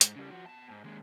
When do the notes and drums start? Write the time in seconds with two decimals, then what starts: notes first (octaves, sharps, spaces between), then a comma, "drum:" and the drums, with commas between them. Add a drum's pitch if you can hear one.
0.01 G#2, drum: hi-hat
0.16 C#3 G3
0.30 F3 F#4
0.46 B2 A5
0.70 G#2
0.84 D#2 G#3